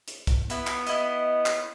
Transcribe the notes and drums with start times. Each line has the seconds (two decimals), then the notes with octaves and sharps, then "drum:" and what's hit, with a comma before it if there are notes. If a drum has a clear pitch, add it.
0.08 drum: hi-hat
0.27 drum: kick C2, hi-hat
0.50 B3 E4 B5, drum: hi-hat
0.67 drum: clap
0.87 E4 D#5, drum: hi-hat
1.46 drum: clap